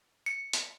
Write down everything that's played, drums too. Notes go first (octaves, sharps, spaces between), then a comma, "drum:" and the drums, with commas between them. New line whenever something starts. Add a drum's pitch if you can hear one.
C#7
drum: hi-hat